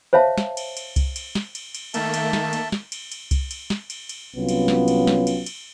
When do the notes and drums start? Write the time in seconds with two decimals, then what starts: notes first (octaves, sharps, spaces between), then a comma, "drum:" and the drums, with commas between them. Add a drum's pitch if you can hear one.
0.13 C5 C#5 E5 F5 A5
0.38 drum: snare
0.57 drum: cymbal
0.77 drum: cymbal
0.96 drum: kick C2, cymbal
1.16 drum: cymbal
1.35 drum: snare
1.55 drum: cymbal
1.75 drum: cymbal
1.94 D#3 A3 A#3 E5 A5, drum: cymbal
2.14 drum: cymbal
2.33 drum: snare
2.53 drum: cymbal
2.72 drum: snare
2.92 drum: cymbal
3.12 drum: cymbal
3.31 drum: kick C2, cymbal
3.51 drum: cymbal
3.70 drum: snare
3.90 drum: cymbal
4.09 drum: cymbal
4.36 C2 F#3 B3 C#4 F4
4.49 drum: cymbal
4.68 drum: snare
4.88 drum: cymbal
5.07 drum: snare
5.27 drum: cymbal
5.46 drum: cymbal